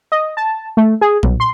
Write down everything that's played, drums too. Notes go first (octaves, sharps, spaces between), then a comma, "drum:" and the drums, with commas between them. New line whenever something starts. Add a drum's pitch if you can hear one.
D#5
A5
A3
G#4
B1, drum: tom A#2
C6